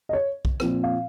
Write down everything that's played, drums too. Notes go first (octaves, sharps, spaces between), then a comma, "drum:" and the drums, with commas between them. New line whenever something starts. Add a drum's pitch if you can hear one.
D#5
C#5
drum: kick B1
A#2 F3 C4, drum: rim click
F5